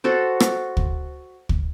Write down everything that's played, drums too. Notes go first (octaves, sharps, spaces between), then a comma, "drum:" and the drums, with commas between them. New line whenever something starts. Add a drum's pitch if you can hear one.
F#4 A4 C5
drum: rim click
drum: kick
drum: kick